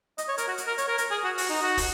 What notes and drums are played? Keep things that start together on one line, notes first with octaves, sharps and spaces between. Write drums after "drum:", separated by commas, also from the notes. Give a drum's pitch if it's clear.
D#5, drum: hi-hat
C#5
A#4, drum: hi-hat
F#4
drum: hi-hat
A#4
C#5, drum: hi-hat
A#4
A#4, drum: hi-hat
G#4
F#4
F#4, drum: open hi-hat
D#4
F#4
drum: kick, open hi-hat